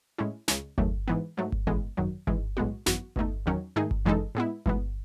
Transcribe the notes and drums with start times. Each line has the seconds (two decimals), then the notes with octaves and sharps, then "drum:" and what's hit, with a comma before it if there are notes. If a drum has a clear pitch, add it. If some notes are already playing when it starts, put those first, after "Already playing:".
0.18 A2 G#3 C#4 E4
0.48 C#2 C#3 G#3, drum: snare
0.78 E2 D#3 F#3 A3, drum: kick G1
1.08 G#2 E3 B3
1.37 G#2 F#3 A3
1.52 drum: kick G1
1.67 A1 A2 E3 G#3 B3
1.97 G#1 F#2 D#3 F#3
2.27 G#1 G#2 E3 G#3, drum: kick G1
2.57 B1 A2 G#3 B3 F#4
2.86 G#1 F#2 E3 B3 F#4, drum: snare
3.16 E2 B2 A3 D#4, drum: kick G1
3.46 E2 D#3 F#3 C#4
3.76 G#2 D#3 A3 D#4 G#4
3.91 drum: kick G1
4.05 F#2 E3 G#3 D#4 A4
4.35 A2 G#3 B3 E4
4.66 B1 A2 E3 G#3 B3, drum: kick G1